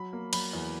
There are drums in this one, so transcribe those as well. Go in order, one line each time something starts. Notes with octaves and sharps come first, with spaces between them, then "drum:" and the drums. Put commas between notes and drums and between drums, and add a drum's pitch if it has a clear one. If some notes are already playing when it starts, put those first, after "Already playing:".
Already playing: F#3 B5
A#3
F#3 B5, drum: cymbal
E2